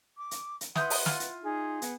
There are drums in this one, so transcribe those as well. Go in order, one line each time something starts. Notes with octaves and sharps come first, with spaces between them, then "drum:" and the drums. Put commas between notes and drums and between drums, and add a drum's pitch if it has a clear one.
D6
drum: hi-hat
drum: hi-hat
E4 B4 F#5 C6 D#6 G6, drum: snare
drum: open hi-hat
F4, drum: snare
drum: hi-hat
D#4 G#4
B3, drum: hi-hat